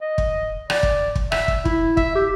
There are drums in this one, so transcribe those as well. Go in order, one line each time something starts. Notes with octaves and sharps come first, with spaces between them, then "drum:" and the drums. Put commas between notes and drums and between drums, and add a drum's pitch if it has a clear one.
D#5
drum: kick
D5, drum: rim click
drum: kick
drum: kick
E5, drum: rim click
drum: kick
E4, drum: kick
E5, drum: kick
G4